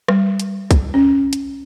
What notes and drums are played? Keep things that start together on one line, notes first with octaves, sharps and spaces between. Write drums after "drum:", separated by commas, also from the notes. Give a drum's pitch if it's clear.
G3, drum: rim click
drum: hi-hat
drum: kick B1, hi-hat
C#4
drum: hi-hat